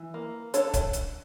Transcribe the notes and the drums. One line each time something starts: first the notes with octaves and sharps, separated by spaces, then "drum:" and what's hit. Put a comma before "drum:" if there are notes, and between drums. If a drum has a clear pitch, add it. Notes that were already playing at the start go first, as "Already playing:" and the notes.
Already playing: E3
A#3
D4 A4 C#5, drum: hi-hat
drum: kick, hi-hat
drum: hi-hat